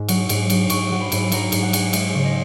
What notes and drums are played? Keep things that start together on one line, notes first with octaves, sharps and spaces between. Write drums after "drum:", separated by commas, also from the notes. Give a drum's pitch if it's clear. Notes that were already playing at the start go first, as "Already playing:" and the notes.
Already playing: G#2
F#3, drum: cymbal
G#2, drum: cymbal
F#3, drum: cymbal
G#2 C#6, drum: cymbal
F#3
B5
G#2, drum: cymbal
F#3 A#5, drum: cymbal
G#2, drum: cymbal
F#5
F#3, drum: cymbal
G#3 E5, drum: cymbal
C#3
D#5